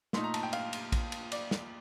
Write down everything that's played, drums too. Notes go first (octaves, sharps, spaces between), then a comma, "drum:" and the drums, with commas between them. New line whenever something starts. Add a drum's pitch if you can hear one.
A#2 A3 D#4 C6, drum: snare
A#5
A5, drum: cymbal
G5
F5, drum: cymbal
drum: cymbal
drum: kick A#1, cymbal
drum: cymbal
D5, drum: cymbal
drum: snare